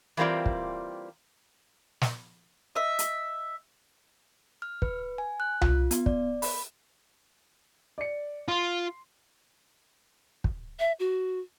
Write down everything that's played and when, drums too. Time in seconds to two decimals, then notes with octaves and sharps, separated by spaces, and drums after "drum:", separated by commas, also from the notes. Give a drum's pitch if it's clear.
0.17 E3 G3 A#3 C4 F4 D5
0.46 drum: kick
2.01 drum: snare
2.75 D#5 E5
2.99 drum: hi-hat
4.62 F6
4.82 B4, drum: kick
5.18 G#5
5.40 F#6
5.61 F4, drum: tom C2
5.91 B3, drum: hi-hat
6.06 D5, drum: kick
6.42 B5, drum: open hi-hat
7.98 D5 C#7
8.48 F4 C6
10.44 drum: kick
10.79 E5
11.00 F#4